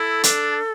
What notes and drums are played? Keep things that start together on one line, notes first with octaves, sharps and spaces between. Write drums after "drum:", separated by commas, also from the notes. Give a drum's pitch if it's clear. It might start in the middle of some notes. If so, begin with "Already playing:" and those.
Already playing: E4 A4
D4, drum: hi-hat